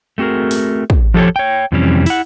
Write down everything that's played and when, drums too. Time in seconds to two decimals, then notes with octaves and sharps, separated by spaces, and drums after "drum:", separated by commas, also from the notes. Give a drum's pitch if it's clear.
0.18 A3 C4 F#4 G#4 A#4
0.51 drum: open hi-hat
0.90 drum: kick
1.14 F3 G4 A4 B4 C#5
1.36 C#5 G5
1.72 F2 C3 E3 G3 C4 C#4
2.06 E4 F#5, drum: open hi-hat